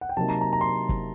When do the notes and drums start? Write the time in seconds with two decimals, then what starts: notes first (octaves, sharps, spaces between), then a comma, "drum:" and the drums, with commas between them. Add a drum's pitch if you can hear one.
0.01 F#5
0.09 G5
0.17 C3 F#3 A#3 D#4 A5
0.29 A#5
0.41 A#5
0.53 A#5
0.61 C6
0.89 drum: kick